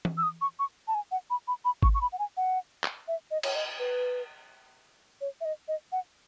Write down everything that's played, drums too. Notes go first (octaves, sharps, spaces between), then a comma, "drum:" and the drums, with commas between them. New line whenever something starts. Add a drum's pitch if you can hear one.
drum: tom E3
E6
D#6
C#6
C#6
A5
G#5
F#5
B5
B5
B5
C#6, drum: kick G#1
C#6
B5
F#5
G#5
F#5
drum: clap
E5
D#5
C#5, drum: cymbal
D#5
B4
C#5
E5
D#5
D#5
F#5